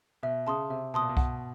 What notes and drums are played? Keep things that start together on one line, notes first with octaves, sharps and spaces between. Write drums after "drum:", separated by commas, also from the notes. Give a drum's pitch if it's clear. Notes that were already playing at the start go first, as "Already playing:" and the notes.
B2 E5
C#3 A5 C6 D#6
C3 E5
B2 A5 C6 D#6
A#2
B2
F#5, drum: kick C2